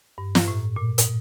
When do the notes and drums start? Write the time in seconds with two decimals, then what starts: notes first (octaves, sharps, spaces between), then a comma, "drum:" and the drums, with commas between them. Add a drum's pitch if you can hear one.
0.18 G2
0.35 drum: snare
0.48 A2
0.76 A#2
0.98 drum: hi-hat